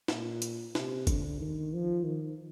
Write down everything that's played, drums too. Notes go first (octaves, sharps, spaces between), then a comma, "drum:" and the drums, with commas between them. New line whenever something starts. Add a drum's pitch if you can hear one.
A#2, drum: snare
drum: hi-hat
C3, drum: snare
D3, drum: kick, hi-hat
D#3
F3
D#3